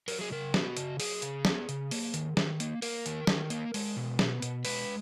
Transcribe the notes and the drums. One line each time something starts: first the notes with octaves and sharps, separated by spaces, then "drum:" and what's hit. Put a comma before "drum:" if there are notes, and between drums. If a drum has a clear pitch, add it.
F#3 A#4, drum: open hi-hat
G#4
C#3 A#4
B3 F#4, drum: snare
C#3, drum: hi-hat
F#3 G#4, drum: open hi-hat
C#3, drum: hi-hat
B3, drum: snare
C#3, drum: hi-hat
A#3, drum: open hi-hat
D#3, drum: hi-hat
D#3, drum: snare
A#3, drum: hi-hat
A#3 A#4, drum: open hi-hat
D#3, drum: hi-hat
D#3, drum: snare
A#3, drum: hi-hat
G#3, drum: open hi-hat
B2
B3, drum: snare
B2, drum: hi-hat
G#3 B4, drum: open hi-hat